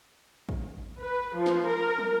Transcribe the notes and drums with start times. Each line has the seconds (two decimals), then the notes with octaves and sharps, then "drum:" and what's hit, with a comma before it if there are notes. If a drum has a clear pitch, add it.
0.49 drum: kick
1.01 B4
1.35 F3
1.46 drum: snare
1.68 A#4
1.98 drum: tom